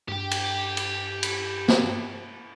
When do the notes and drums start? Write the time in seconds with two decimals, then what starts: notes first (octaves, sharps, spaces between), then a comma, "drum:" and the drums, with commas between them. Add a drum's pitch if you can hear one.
0.08 G2 G4 G5
0.31 drum: cymbal
0.77 drum: cymbal
1.23 drum: cymbal
1.68 drum: snare